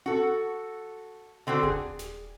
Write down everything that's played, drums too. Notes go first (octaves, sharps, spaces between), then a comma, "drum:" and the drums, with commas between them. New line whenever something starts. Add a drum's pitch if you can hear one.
F#4 A4, drum: tom C4
D3 C4 D4 F#4
G#4, drum: kick D#1
drum: snare